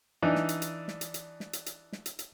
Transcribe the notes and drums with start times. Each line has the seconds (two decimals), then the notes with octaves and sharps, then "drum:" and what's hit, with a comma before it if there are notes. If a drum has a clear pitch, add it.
0.22 E3 D4 D#4
0.36 drum: snare
0.49 drum: hi-hat
0.62 drum: hi-hat
0.88 drum: snare
1.01 drum: hi-hat
1.14 drum: hi-hat
1.40 drum: snare
1.53 drum: hi-hat
1.66 drum: hi-hat
1.93 drum: snare
2.06 drum: hi-hat
2.19 drum: hi-hat